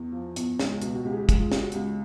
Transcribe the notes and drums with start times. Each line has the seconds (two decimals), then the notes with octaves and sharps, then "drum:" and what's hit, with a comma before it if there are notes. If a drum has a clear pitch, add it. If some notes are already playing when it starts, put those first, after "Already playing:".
Already playing: E2
0.12 F3
0.36 E2, drum: hi-hat
0.59 C#2, drum: snare
0.82 B2, drum: hi-hat
0.95 F#4
1.05 C#2 G4
1.13 G#4
1.17 G4
1.29 G#3, drum: kick, hi-hat
1.40 F4
1.52 C#2 G4, drum: snare
1.62 F#4
1.72 C#2 G4, drum: hi-hat